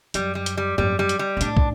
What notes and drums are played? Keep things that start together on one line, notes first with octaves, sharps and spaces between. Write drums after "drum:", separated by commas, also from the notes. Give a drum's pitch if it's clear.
F#2 G3, drum: hi-hat
G3
drum: hi-hat
G3
F#2 G3, drum: tom G#2
G3
drum: hi-hat
G3
G2
A2 D4, drum: hi-hat
drum: kick